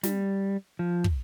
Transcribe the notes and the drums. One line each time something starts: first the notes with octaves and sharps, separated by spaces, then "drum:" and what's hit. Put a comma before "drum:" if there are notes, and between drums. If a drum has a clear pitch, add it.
G3, drum: snare
F3
drum: kick